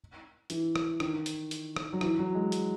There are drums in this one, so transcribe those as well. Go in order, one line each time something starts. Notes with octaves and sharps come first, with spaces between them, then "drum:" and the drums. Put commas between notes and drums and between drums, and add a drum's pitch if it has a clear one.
E3, drum: hi-hat
drum: rim click
D#3, drum: rim click
drum: hi-hat
drum: hi-hat
drum: rim click
F#3
E3, drum: rim click
F#3
G#3
drum: hi-hat